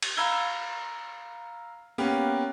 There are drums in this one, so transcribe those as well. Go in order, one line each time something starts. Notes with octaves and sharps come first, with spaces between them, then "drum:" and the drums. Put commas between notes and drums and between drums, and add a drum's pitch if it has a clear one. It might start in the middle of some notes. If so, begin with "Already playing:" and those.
drum: cymbal
F5 A#5 B5 E6 G#6 G7
A#3 B3 C#4 G4